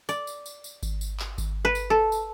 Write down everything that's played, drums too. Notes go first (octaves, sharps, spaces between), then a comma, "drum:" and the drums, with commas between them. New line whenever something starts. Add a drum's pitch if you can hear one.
D5, drum: tambourine
drum: tambourine
drum: tambourine
drum: tambourine
drum: kick G#1, tambourine
drum: tambourine
drum: clap
drum: kick G#1, tambourine
B4
drum: tambourine
A4
drum: tambourine